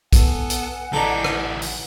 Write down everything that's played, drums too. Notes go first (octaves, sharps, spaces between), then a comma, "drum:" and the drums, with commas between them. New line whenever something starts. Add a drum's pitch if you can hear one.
B3 A4 F#5 G#5, drum: kick B1, hi-hat
drum: hi-hat
A1 E3 D#4 A4 D5 A#5
drum: rim click
drum: open hi-hat